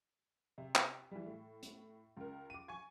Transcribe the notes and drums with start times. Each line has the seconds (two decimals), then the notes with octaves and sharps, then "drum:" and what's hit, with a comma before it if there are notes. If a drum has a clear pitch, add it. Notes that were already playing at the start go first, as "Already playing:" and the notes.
0.58 C3
0.75 drum: clap
1.11 E3 G3
1.26 A2
1.63 drum: hi-hat
2.17 C#2 A#4
2.50 D6 D#7
2.68 G#5 C#6 G#6